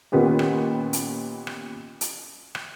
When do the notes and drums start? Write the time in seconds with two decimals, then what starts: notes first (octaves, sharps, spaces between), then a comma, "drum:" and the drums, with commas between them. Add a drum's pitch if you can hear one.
0.12 A#2 D#3 B3 C#4 G4
0.39 drum: rim click
0.93 drum: hi-hat
1.47 drum: rim click
2.01 drum: hi-hat
2.55 drum: rim click